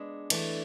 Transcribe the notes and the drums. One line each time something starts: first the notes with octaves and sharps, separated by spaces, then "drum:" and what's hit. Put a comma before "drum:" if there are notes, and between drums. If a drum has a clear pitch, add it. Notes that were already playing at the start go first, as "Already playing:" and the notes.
Already playing: G#3 B3 D4 G#4
E3 A3 D4, drum: cymbal